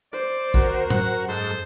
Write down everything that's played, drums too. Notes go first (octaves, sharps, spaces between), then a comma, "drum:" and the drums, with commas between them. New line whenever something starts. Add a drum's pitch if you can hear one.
C5 D5
D#2 F#4 A#4, drum: kick
F#2 F#5, drum: tom
G#2 A4 C5